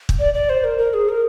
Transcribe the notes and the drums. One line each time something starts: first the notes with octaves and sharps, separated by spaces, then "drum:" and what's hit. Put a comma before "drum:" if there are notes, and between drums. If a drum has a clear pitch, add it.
drum: kick
D5
D5
C5
A#4
A#4
G#4
A#4